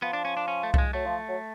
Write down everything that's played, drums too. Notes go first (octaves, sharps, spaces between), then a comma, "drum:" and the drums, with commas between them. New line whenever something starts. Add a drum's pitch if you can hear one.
F3 B3
D4
C#4
D4
C#4
A3
A3, drum: kick C2
G#3
F#3 A3
F3
F#3